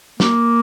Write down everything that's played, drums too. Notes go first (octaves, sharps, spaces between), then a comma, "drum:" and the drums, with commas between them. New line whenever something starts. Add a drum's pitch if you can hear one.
A#3, drum: snare